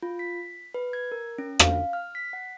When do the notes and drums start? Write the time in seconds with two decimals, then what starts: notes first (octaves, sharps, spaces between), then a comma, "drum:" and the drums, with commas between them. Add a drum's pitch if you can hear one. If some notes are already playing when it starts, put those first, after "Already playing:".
0.03 F4
0.19 B6
0.74 B4
0.93 G#6
1.12 A#4
1.38 C#4
1.59 F5, drum: rim click
1.93 F6
2.15 B6
2.33 F#5